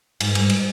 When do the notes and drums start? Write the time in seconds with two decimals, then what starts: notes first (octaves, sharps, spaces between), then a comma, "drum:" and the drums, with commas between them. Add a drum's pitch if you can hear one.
0.20 G#2, drum: cymbal
0.35 G#2, drum: cymbal
0.50 drum: cymbal